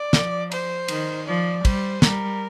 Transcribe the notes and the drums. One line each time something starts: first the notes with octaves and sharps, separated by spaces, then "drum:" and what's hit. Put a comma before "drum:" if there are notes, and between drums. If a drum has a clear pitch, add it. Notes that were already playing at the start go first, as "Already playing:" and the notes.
Already playing: D5
F3, drum: snare
C5, drum: cymbal
D#3, drum: cymbal
F3 D5
G3 C5, drum: kick, cymbal
G3 A#4, drum: snare